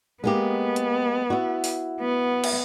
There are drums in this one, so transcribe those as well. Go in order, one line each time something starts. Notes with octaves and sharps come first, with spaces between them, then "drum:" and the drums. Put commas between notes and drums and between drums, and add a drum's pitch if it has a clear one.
G#3 A#3 B3 G4
drum: hi-hat
E4 F#4
drum: open hi-hat
B3
drum: cymbal